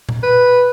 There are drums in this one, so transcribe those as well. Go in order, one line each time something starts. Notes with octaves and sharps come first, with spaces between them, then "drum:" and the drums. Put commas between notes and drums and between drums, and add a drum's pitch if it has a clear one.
drum: tom A#2
B4